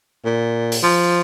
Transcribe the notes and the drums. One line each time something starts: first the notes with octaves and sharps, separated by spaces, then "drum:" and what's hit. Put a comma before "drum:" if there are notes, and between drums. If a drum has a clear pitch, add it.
A#2
drum: open hi-hat
F3